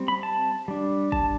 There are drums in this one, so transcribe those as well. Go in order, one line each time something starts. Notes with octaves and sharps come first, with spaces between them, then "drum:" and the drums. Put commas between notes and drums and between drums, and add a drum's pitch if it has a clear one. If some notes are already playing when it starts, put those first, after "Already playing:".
Already playing: G3 C4
B5
A5
G3 D4
A5, drum: kick